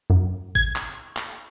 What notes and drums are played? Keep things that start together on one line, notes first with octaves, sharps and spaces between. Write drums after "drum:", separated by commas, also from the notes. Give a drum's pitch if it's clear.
F#2
G#6, drum: kick G#1
drum: clap
drum: clap